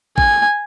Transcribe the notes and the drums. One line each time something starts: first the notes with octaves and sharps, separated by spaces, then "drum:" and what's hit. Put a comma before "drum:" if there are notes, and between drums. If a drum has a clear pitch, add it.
G#5, drum: kick A1